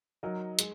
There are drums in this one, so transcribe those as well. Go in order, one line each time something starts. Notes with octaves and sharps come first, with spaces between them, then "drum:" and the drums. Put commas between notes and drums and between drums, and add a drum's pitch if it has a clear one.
F#3 D#4 A#4 D#5
G#3, drum: hi-hat